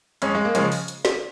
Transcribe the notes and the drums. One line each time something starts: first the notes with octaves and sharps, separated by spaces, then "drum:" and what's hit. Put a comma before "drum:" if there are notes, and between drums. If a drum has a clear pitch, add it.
F2 G#3 C#4, drum: hi-hat
G#3
A#3
C#3 F3 G#3 C#4, drum: hi-hat
drum: open hi-hat
drum: hi-hat
drum: snare